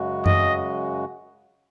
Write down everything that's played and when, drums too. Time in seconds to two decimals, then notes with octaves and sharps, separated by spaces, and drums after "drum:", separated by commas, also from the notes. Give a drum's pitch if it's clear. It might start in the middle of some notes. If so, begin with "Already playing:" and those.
Already playing: F#2 C#3 G#3 F#4
0.26 D#5, drum: tom F#2